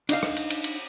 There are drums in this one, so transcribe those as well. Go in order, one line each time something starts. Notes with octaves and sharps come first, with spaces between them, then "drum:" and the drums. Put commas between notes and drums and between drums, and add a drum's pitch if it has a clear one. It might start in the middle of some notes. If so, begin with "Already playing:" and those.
D4 D#4 F5, drum: cymbal
drum: rim click
drum: cymbal
drum: cymbal
drum: cymbal